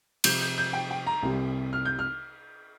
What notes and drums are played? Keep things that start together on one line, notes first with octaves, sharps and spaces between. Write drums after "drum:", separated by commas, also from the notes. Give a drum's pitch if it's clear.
C3 F3 C4 F4 G6, drum: cymbal
G6
G6
G5
G5
A#5
C2 C3 G3
F6
G6
F6